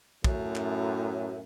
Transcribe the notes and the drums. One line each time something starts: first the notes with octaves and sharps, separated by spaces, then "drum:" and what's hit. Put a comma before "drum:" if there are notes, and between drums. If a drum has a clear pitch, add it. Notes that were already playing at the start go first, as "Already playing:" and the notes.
F#2 A2, drum: kick
drum: clap